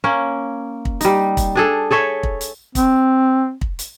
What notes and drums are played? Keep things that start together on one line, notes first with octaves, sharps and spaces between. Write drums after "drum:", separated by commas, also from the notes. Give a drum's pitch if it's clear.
A#3 C#4
drum: kick
G3 D#4, drum: hi-hat
drum: kick, hi-hat
D4 G#4 A4
G#4 A4 C#5 E5
drum: kick
drum: hi-hat
C4, drum: kick, hi-hat
drum: kick
drum: hi-hat